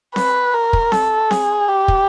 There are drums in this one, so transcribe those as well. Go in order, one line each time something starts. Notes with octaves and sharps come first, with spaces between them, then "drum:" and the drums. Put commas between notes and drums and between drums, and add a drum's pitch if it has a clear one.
B4, drum: snare C4
A#4
drum: kick
A4, drum: snare C4
G#4, drum: snare C4
G4
drum: kick